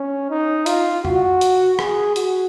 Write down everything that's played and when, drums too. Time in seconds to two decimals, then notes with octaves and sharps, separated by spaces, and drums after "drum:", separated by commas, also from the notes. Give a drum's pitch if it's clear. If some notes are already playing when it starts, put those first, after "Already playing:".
Already playing: C#4
0.30 D#4
0.66 F4, drum: hi-hat
1.05 F#4, drum: tom F2
1.41 drum: hi-hat
1.79 G#4, drum: rim click
2.16 F#4, drum: hi-hat